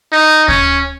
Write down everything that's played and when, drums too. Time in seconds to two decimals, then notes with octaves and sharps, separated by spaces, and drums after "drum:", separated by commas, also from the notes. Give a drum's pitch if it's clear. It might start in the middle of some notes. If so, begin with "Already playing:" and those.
0.12 D#4
0.48 C#4, drum: kick